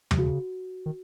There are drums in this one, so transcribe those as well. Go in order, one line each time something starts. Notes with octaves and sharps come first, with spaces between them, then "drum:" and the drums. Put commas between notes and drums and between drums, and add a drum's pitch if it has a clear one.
C3, drum: tom
C#3 F#4
D#3